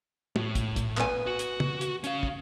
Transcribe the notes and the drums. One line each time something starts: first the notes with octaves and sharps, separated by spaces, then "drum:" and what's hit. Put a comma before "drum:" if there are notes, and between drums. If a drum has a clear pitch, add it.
A2, drum: tom
drum: kick, hi-hat
drum: kick, hi-hat
B3 G#5, drum: clap
F#4
drum: hi-hat
drum: tom
drum: hi-hat
C#4 F5, drum: hi-hat
drum: kick